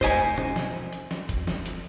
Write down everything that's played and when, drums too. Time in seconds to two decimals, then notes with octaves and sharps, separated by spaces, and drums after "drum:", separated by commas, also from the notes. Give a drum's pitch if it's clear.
0.01 C5 D#5 G#5, drum: kick
0.38 drum: tom
0.56 drum: snare
0.93 drum: hi-hat
1.11 drum: snare
1.29 drum: kick, hi-hat
1.47 drum: snare
1.66 drum: hi-hat